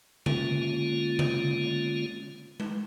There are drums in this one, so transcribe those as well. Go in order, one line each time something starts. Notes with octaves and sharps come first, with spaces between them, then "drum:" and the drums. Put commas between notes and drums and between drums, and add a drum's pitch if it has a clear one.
D3 G#3 A#3 C#4 F4, drum: tom C#3
drum: tom C#3
drum: tom G#3